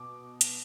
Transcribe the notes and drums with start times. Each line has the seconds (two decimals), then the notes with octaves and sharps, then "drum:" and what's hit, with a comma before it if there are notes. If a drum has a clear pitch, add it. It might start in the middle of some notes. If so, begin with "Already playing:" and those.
Already playing: B2 D6
0.41 drum: hi-hat